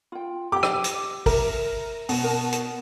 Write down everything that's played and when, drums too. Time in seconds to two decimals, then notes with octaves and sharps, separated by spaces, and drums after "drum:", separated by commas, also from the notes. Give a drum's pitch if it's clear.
0.12 F4 G5
0.52 G4 G5 D6
0.63 drum: rim click
0.84 drum: hi-hat
1.26 A#4 E5, drum: kick, open hi-hat
2.09 B2, drum: open hi-hat
2.24 A#4 A5
2.52 drum: hi-hat